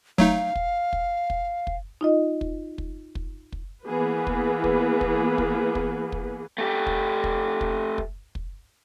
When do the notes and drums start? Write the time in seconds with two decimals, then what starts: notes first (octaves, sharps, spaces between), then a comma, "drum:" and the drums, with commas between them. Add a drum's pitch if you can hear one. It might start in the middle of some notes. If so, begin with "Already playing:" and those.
0.18 F#3 A3 D#4 F5, drum: kick
0.55 drum: kick
0.93 drum: kick
1.30 drum: kick
1.67 drum: kick
2.01 D#4 F4 D#5
2.41 drum: kick
2.78 drum: kick
3.15 drum: kick
3.52 drum: kick
3.85 E3 A#3 B3 G#4 B4
4.27 drum: kick
4.64 drum: kick
5.01 drum: kick
5.38 drum: kick
5.75 drum: kick
6.12 drum: kick
6.58 A3 G4
6.87 drum: kick
7.24 drum: kick
7.61 drum: kick
7.98 drum: kick
8.35 drum: kick